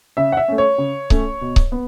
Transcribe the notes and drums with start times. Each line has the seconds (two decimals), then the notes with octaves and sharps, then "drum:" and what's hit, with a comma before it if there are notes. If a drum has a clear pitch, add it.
0.17 C#3 E5
0.32 F#5
0.37 E5
0.48 A3 C#4
0.58 C#5
0.78 C#3
1.10 A3 C#4, drum: kick C#1
1.41 B2
1.56 drum: kick C#1
1.72 B3